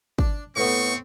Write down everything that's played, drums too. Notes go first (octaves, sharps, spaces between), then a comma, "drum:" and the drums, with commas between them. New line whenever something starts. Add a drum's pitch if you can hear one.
D4, drum: kick
A2 A3 B3 C4 C#6